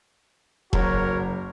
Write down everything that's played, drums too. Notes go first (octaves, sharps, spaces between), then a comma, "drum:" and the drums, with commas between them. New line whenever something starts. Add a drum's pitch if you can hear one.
F#1 F#4 A#4 C#5, drum: kick E1